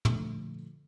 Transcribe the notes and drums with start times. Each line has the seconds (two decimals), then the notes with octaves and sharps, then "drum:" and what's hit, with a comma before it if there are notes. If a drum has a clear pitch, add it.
0.05 A#2 D3 F3 A3, drum: tom